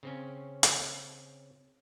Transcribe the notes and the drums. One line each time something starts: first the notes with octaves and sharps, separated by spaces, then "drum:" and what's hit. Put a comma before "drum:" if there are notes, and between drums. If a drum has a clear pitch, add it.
C#3 C4 C#4
drum: hi-hat